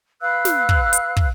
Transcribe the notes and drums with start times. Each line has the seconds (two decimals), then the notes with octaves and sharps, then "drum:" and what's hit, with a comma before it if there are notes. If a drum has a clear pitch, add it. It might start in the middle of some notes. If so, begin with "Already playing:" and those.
0.21 B4 F5 E6 F#6
0.45 drum: snare
0.69 drum: kick
0.93 drum: hi-hat
1.17 drum: kick